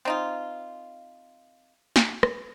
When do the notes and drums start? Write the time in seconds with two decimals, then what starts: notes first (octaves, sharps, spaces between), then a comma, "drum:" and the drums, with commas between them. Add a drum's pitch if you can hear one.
0.05 C4 D#4 F4
1.96 drum: snare
2.23 drum: rim click